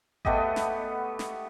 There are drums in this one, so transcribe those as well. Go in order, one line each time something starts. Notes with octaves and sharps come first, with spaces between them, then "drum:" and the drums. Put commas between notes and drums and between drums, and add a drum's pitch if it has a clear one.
A3 B3 G4 D#5, drum: kick G#1
drum: snare
drum: snare